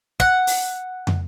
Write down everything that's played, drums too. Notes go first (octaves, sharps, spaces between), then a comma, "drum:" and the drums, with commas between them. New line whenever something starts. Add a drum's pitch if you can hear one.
F#5, drum: kick
drum: open hi-hat
drum: tom